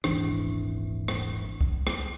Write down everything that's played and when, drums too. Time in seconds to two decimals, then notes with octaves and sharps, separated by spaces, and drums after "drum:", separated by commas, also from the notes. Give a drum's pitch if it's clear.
0.04 D#1 G#1 E3 D4, drum: rim click
1.08 drum: rim click
1.61 drum: kick C2
1.87 drum: rim click